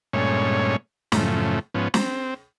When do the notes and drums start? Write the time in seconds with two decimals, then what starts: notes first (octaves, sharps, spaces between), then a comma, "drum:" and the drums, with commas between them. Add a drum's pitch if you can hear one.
0.13 G2 A#2 G#3 A3 C#4 C#5
1.12 F#2 A2 C#3 F3 A3, drum: snare
1.75 G#2 F3 B3 C#4
1.94 C4, drum: snare